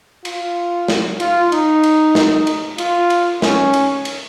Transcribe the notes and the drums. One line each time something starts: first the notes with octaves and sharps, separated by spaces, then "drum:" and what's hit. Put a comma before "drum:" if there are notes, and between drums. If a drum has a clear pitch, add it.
F4, drum: cymbal
drum: snare
F4, drum: cymbal
D#4, drum: cymbal
drum: cymbal
drum: snare
drum: cymbal
F4, drum: cymbal
drum: cymbal
C#4, drum: snare
drum: cymbal
drum: cymbal